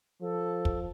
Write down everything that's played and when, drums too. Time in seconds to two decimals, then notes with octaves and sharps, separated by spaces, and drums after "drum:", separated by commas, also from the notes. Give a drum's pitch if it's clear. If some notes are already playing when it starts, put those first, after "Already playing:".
0.22 F3 A4
0.65 drum: kick